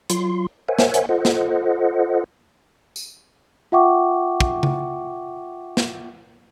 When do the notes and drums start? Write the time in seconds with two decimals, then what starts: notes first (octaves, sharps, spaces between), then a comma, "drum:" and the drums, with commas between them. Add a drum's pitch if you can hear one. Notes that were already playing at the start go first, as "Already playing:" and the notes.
0.10 F#3 F4 C6, drum: hi-hat
0.69 A#4 C5 C#5 E5 F#5 G#5
0.79 drum: snare
0.94 drum: hi-hat
1.09 F4 A4 C5 D#5 F#5
1.25 drum: snare
2.96 drum: tambourine
3.72 F4 E5 F#5 G5 C#6 D6
4.40 drum: kick
4.63 drum: tom C#3
5.77 drum: snare